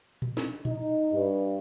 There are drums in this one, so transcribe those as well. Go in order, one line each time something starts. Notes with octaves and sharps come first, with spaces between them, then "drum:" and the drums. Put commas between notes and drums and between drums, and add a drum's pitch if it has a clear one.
drum: tom A#2
drum: snare
D#4, drum: tom A#2
G2